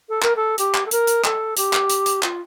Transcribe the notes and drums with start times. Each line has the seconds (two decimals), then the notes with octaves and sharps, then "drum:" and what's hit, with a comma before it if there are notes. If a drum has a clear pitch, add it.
0.09 A4
0.22 A#4, drum: clap
0.36 A4
0.58 G4, drum: hi-hat
0.75 drum: clap
0.86 A4
0.91 A#4, drum: hi-hat
1.07 drum: hi-hat
1.24 A4, drum: clap
1.57 G4, drum: hi-hat
1.73 drum: clap
1.90 drum: hi-hat
2.06 drum: hi-hat
2.23 F4, drum: clap